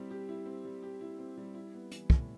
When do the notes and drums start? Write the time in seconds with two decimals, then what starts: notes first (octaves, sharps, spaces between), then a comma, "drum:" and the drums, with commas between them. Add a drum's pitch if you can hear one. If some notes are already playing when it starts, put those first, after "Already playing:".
Already playing: G3 C4 E4 G4
0.10 G4
0.29 E4
0.46 C4
0.65 G3
0.83 G4
1.01 E4
1.19 C4
1.38 G3
1.55 E4
1.74 B3
1.91 E3, drum: hi-hat
2.10 A2, drum: kick